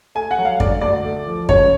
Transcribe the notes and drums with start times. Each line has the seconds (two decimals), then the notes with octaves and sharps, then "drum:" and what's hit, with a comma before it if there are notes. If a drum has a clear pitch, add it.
0.15 A3 G#5
0.31 F#5
0.38 F#3
0.45 F5
0.60 D3 D5, drum: kick F#2
0.81 D2 D5
1.04 A3
1.27 F3
1.49 C#3 C#5, drum: kick F#2